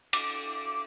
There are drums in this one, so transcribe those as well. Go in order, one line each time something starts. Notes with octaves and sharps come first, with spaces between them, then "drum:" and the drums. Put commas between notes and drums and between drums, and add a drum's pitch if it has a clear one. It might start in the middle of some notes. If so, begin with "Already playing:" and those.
D6, drum: cymbal